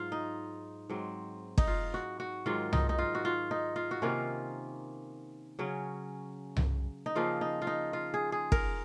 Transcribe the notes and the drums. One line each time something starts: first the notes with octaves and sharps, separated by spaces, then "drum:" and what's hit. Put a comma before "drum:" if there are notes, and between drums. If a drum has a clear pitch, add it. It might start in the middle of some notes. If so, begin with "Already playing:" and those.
Already playing: G#2 F#3 F4
D#4
G#2 F#3 C4
D#4, drum: kick
F4
F#4
F#4
G#2 D#3 F#3 F4
D#4, drum: tom C2
D#4
F4
F#4
F4
D#4
F4
F#4
C3 D#3 A#3 C#4 F4
C#3 F#3 C#4
drum: tom C2
D#4
C#3 F3 A#3 F4
D#4
F4
D#4
F4
G#4
G#4
A#4, drum: kick